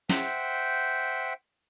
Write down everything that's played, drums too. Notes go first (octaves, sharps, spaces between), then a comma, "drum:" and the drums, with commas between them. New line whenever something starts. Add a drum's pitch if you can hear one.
C5 E5 F#5 G5, drum: snare